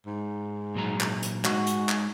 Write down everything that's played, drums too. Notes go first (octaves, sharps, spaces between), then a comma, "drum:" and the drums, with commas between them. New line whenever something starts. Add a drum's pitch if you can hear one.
G#2
A#2 F#3 A#5
drum: clap
drum: hi-hat
G#3 D#4 F#4, drum: clap
drum: hi-hat
drum: clap